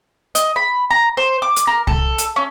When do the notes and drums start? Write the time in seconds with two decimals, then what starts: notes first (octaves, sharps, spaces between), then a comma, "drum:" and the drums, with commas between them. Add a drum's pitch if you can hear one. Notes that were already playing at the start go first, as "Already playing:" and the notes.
0.35 D#5, drum: hi-hat
0.56 B5
0.90 A#5
1.17 C5
1.42 D6
1.56 drum: hi-hat
1.67 A#4
1.87 A4, drum: kick C2
2.18 drum: hi-hat
2.36 C#4